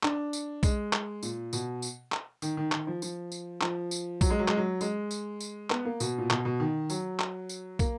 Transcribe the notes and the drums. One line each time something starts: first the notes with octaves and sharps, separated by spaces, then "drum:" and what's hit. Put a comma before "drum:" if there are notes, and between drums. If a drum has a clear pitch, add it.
D4, drum: clap
drum: tambourine
G#3, drum: kick, tambourine
drum: clap
A#2, drum: tambourine
B2, drum: tambourine
drum: tambourine
drum: clap
D#3, drum: tambourine
D#3
D#3, drum: clap
F3
F3, drum: tambourine
drum: tambourine
F3, drum: clap
drum: tambourine
F#3, drum: kick, tambourine
G#3
F#3
G#3, drum: clap
F#3
G#3, drum: tambourine
drum: tambourine
drum: tambourine
B3, drum: clap
A#3
B2, drum: tambourine
A#2
B2, drum: clap
B2
D#3
F#3, drum: tambourine
drum: clap
drum: tambourine
A#3, drum: kick, tambourine